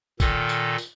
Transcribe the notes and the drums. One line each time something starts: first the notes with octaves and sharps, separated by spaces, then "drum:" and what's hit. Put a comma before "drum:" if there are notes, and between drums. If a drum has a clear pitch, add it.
A#2 D#3 A4, drum: kick, tambourine
drum: tambourine
drum: tambourine